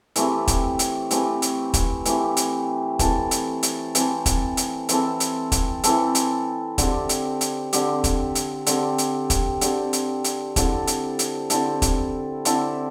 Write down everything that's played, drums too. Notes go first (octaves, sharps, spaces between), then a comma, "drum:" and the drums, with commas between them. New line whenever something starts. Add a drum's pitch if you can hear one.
E3 A3 C4 G4, drum: hi-hat
drum: kick, hi-hat
drum: hi-hat
E3 A3 C4 G4, drum: hi-hat
drum: hi-hat
drum: kick, hi-hat
E3 A3 C4 G4, drum: hi-hat
drum: hi-hat
E3 C4 A4, drum: kick, hi-hat
drum: hi-hat
drum: hi-hat
E3 C4 A4, drum: hi-hat
drum: kick, hi-hat
drum: hi-hat
E3 C4 A4, drum: hi-hat
drum: hi-hat
drum: kick, hi-hat
E3 C4 A4, drum: hi-hat
drum: hi-hat
D3 C4 G4, drum: kick, hi-hat
drum: hi-hat
drum: hi-hat
D3 C4 G4, drum: hi-hat
drum: kick, hi-hat
drum: hi-hat
D3 C4 G4, drum: hi-hat
drum: hi-hat
drum: kick, hi-hat
D3 C4 G4, drum: hi-hat
drum: hi-hat
drum: hi-hat
D3 C4 E4 A4, drum: kick, hi-hat
drum: hi-hat
drum: hi-hat
D3 C4 E4 A4, drum: hi-hat
drum: kick, hi-hat
D3 C4 E4 A4, drum: hi-hat